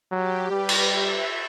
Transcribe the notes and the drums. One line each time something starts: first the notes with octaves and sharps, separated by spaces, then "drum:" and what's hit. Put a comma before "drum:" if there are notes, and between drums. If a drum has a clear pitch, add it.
F#3 G4
G3 B4
drum: cymbal
E5